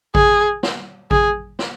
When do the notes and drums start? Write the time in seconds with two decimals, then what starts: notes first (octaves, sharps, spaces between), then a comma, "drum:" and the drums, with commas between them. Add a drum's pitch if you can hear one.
0.15 G#4, drum: kick A1
0.63 drum: snare
1.11 G#4, drum: kick A1
1.59 drum: snare